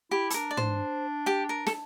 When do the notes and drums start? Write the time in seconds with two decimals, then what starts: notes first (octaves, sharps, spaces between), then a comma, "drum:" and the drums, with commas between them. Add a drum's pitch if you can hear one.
0.11 E4 G4
0.30 A4, drum: hi-hat
0.34 D4 A#4
0.51 D5
0.57 C5, drum: tom
1.26 G4 G5
1.49 A#4
1.67 A4, drum: snare